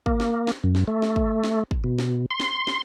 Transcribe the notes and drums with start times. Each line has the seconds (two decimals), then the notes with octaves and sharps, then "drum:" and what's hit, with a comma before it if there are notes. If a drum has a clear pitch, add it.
0.06 A#3, drum: kick
0.20 drum: snare
0.47 drum: snare
0.64 F#2
0.75 drum: snare
0.88 A3
1.02 drum: snare
1.16 drum: kick
1.43 drum: snare
1.71 drum: kick
1.84 B2
1.98 drum: snare
2.31 C6
2.40 drum: snare
2.67 drum: snare